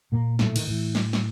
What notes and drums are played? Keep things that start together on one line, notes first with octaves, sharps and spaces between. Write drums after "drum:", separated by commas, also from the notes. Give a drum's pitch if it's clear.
A#2 A#3
A2 A3, drum: snare
D#3, drum: cymbal
A2 E3
drum: snare
drum: snare